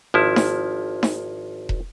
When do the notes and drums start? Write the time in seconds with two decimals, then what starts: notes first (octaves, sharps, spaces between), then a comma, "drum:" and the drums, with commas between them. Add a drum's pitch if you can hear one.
0.14 G#1 F3 E4
0.36 drum: snare D#4
1.03 drum: snare D#4
1.69 drum: kick E1